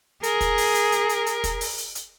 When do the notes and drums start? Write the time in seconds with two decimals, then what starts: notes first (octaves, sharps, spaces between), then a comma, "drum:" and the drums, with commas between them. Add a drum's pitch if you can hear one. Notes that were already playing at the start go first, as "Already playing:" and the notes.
0.23 G#4 A#4, drum: hi-hat
0.41 drum: kick, hi-hat
0.58 drum: open hi-hat
0.75 drum: hi-hat
0.92 drum: hi-hat
1.09 drum: hi-hat
1.26 drum: hi-hat
1.44 drum: kick, hi-hat
1.61 drum: open hi-hat
1.78 drum: hi-hat
1.95 drum: hi-hat